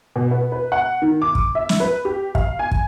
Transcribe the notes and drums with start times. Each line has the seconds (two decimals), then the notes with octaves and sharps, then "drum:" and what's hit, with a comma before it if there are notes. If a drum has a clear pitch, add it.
0.16 B2
0.31 B3
0.52 B4
0.72 F#5
1.02 D#3
1.22 D6
1.35 drum: kick
1.55 E5
1.69 drum: snare
1.80 B4
2.05 G4
2.35 F5, drum: kick
2.59 G#5
2.71 drum: kick